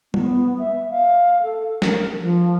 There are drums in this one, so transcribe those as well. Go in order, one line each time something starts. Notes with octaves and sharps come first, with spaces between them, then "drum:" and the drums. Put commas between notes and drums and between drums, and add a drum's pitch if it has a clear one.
B3, drum: tom
E5
F5
A4
A#4, drum: snare
F3